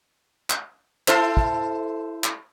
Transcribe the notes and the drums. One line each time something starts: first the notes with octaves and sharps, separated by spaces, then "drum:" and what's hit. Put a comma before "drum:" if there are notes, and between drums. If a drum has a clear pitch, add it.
drum: clap
E4 A4 C5, drum: clap
drum: kick
drum: clap